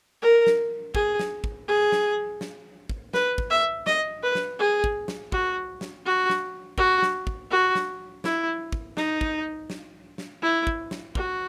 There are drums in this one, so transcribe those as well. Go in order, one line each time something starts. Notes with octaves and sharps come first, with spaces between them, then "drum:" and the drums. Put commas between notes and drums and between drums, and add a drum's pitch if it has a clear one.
A#4
drum: snare
G#4, drum: kick
drum: snare
drum: kick
G#4
drum: snare
drum: snare
drum: kick
B4, drum: snare
drum: kick
E5
D#5, drum: snare
B4
drum: snare
G#4
drum: kick
drum: snare
F#4, drum: kick
drum: snare
F#4
drum: snare
F#4, drum: kick
drum: snare
drum: kick
F#4
drum: snare
E4, drum: snare
drum: kick
D#4, drum: snare
drum: kick
drum: snare
drum: snare
E4
drum: kick
drum: snare
F#4, drum: kick